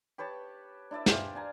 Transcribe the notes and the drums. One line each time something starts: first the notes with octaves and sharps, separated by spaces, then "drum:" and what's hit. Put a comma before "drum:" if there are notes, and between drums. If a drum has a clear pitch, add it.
G4 B4 C#5 A5
D4 E4 D5 E5
G4 C5 F5 G#5, drum: snare
D4 G#5 A#5